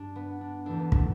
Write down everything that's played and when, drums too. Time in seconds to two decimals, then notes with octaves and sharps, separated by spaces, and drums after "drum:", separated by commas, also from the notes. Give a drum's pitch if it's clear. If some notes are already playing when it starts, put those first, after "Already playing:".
Already playing: G2 G3 D4
0.16 B3
0.41 D4
0.66 E2 E3 A3 D4
0.79 B3
0.92 D4, drum: kick